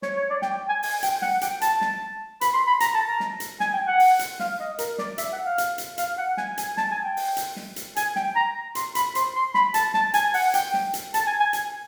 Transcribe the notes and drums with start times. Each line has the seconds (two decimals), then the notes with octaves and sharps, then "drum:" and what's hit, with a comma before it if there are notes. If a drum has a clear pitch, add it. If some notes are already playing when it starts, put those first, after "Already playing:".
0.02 C#5, drum: snare
0.16 C#5
0.30 D5
0.42 G5, drum: snare
0.69 G#5
0.83 G#5, drum: open hi-hat
1.03 G5, drum: hi-hat
1.22 F#5, drum: snare
1.41 G5, drum: hi-hat
1.61 A5, drum: hi-hat
1.81 drum: snare
2.41 B5, drum: hi-hat
2.54 C6
2.67 B5
2.80 A#5, drum: hi-hat
2.94 A5
3.07 A#5
3.20 drum: snare
3.40 drum: hi-hat
3.60 G#5, drum: snare
3.73 G5
3.87 F#5
3.99 drum: open hi-hat
4.19 drum: hi-hat
4.39 F5, drum: snare
4.60 D#5
4.79 A#4, drum: hi-hat
4.98 D5, drum: snare
5.18 E5, drum: hi-hat
5.32 F#5
5.45 F5
5.58 drum: hi-hat
5.78 drum: hi-hat
5.98 F5, drum: hi-hat
6.18 F#5
6.37 G#5, drum: snare
6.58 G#5, drum: hi-hat
6.77 A5, drum: snare
6.91 G#5
7.04 G5
7.17 drum: open hi-hat
7.37 drum: hi-hat
7.56 drum: snare
7.76 drum: hi-hat
7.96 G#5, drum: hi-hat
8.16 G5, drum: snare
8.36 A#5
8.75 C6, drum: hi-hat
8.95 B5, drum: hi-hat
9.15 C6, drum: hi-hat
9.35 C6
9.54 B5, drum: snare
9.74 A5, drum: hi-hat
9.94 A5, drum: snare
10.14 G#5, drum: hi-hat
10.34 F#5, drum: open hi-hat
10.54 G5, drum: hi-hat
10.74 drum: snare
10.94 drum: hi-hat
11.14 A5, drum: hi-hat
11.27 G#5
11.40 G#5
11.53 drum: hi-hat